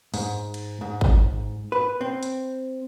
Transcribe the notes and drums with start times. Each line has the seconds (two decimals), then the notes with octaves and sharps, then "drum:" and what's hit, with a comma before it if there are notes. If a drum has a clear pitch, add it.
0.14 G#2, drum: open hi-hat
0.54 drum: cymbal
0.81 G#2
1.01 drum: kick
1.72 B4
2.01 C4
2.23 drum: hi-hat